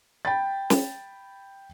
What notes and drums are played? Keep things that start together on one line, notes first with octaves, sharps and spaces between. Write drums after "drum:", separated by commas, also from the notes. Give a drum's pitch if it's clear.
G5 B5 A6
drum: snare